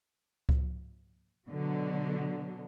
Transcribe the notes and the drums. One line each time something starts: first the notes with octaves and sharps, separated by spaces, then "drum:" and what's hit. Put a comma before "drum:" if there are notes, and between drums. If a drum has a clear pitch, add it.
drum: kick C#2
B2 D3 F#3